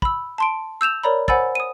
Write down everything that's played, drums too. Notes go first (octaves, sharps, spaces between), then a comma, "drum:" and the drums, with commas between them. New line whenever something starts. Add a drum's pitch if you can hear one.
B5 E6, drum: kick
A5 C6 D7
E6 G6 E7 F7
A#4 C#5 D5 A#5 B5
C5 F#5 G#5 B5 E6 A6, drum: kick
D#6 D#7